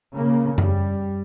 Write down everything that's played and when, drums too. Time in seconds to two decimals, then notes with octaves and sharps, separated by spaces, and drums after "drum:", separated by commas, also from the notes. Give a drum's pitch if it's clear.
0.13 C#3 A#3
0.58 G3, drum: tom F#2